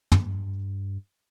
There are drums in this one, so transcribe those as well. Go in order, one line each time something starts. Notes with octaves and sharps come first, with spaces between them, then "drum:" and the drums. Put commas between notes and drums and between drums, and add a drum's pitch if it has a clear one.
G2, drum: tom